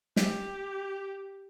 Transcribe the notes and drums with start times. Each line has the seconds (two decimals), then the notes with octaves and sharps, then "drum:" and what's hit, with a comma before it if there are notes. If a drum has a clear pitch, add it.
0.16 G4, drum: snare